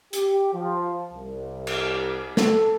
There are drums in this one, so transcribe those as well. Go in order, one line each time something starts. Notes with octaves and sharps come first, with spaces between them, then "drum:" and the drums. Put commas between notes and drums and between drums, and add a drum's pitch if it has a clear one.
G4, drum: hi-hat
F3
C2
drum: cymbal
A4, drum: snare